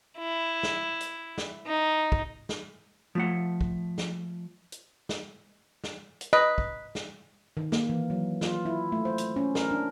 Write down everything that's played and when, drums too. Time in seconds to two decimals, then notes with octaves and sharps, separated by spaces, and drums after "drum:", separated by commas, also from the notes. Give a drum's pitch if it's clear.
0.18 E4
0.63 drum: snare
1.00 drum: hi-hat
1.38 drum: snare
1.67 D#4
2.12 drum: kick
2.49 drum: snare
3.15 F3 A3 F#5
3.61 drum: kick
3.98 drum: snare
4.72 drum: hi-hat
5.09 drum: snare
5.84 drum: snare
6.21 drum: hi-hat
6.33 B4 D#5
6.58 drum: kick
6.95 drum: snare
7.57 D#3
7.72 A#3, drum: snare
7.89 E3
8.10 F#3
8.41 F4, drum: snare
8.65 E4
8.92 A3
9.05 C5
9.18 drum: hi-hat
9.36 C#4
9.55 A#4, drum: snare
9.71 D4